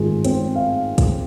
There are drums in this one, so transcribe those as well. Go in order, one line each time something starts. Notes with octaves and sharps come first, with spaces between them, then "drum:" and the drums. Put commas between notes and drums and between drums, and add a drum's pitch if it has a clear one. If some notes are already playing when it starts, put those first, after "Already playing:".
Already playing: G#1 G#2 D#3 F4 G#4
G#1 C4, drum: hi-hat
F5
drum: kick, hi-hat